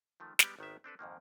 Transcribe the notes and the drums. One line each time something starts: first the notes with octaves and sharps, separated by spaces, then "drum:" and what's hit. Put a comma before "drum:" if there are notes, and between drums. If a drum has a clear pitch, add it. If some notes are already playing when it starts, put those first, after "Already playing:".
D#3 F3 A3
G3 G#3 B3 G4, drum: snare
G#1 D#3 B3 E5
C4 D4 A4 B4
F2 G#2 D#3 A#3